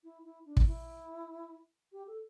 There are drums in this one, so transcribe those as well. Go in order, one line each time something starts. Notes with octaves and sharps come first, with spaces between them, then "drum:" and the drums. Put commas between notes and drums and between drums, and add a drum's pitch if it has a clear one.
E4
E4
D4
drum: kick
E4
G4
A4